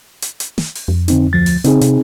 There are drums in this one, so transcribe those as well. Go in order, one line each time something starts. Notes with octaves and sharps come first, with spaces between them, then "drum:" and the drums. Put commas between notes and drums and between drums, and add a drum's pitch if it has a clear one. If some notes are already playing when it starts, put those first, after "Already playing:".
drum: hi-hat
drum: hi-hat
drum: snare
drum: open hi-hat
F2
D3 C4 D#4, drum: hi-hat
D2 F3 A6
drum: open hi-hat
C#3 C4 D#4 G#4, drum: hi-hat
C3, drum: hi-hat